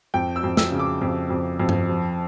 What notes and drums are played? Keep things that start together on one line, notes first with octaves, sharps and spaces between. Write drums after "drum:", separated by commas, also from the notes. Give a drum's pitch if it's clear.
F2 G5
E6
F2
E6, drum: snare
C#3
D6
F2
F2
F2
drum: tom G2
F3